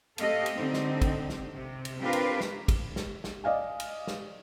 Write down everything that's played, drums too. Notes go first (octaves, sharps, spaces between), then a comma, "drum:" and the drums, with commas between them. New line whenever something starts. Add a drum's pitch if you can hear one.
A3 C4 G4 A4 D#5 F5, drum: cymbal
drum: cymbal
D3 C4 D#4
drum: snare
drum: kick, cymbal
drum: snare
C3
drum: cymbal
C4 D4 F4 G4 A#4 B4
drum: cymbal
drum: snare
drum: kick, cymbal
drum: snare
drum: snare
D5 D#5 F5 G#5
drum: cymbal
drum: snare